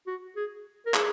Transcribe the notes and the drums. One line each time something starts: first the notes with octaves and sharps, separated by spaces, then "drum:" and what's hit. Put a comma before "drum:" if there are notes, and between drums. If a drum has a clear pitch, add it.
F#4
G#4
A#4
G#4, drum: clap